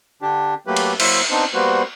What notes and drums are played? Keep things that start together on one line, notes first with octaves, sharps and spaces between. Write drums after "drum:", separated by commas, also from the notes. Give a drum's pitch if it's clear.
D3 D4 G4
F#3 A3 A#3 G4 B4
drum: cymbal
F#3 A#3 E4 C5 E5, drum: cymbal
B3 C4 D4 D#4 C5
G3 A#3 B3 F#4 B4 C5